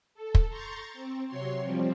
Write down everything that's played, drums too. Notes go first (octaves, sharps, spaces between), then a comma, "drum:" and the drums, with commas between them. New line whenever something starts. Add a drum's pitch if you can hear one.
A4
drum: kick
A#5 C6 C#6 G6 A6
C4
C3 F#3 C#5 C6
F3 G3 C4